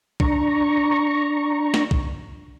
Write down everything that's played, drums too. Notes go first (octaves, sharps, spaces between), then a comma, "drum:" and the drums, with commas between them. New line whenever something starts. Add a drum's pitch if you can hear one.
D4 A#5 C#6, drum: kick B1
drum: snare
drum: kick B1